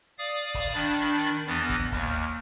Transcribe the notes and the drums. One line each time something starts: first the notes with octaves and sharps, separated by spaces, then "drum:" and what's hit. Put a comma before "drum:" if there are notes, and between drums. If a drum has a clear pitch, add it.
D5 F5 D#6
drum: kick, open hi-hat
D#3 D4 B5 A6
drum: hi-hat
drum: hi-hat
E2 E3 B3 F6 A6 A#6, drum: hi-hat
drum: kick, hi-hat
D#2 F6, drum: kick, open hi-hat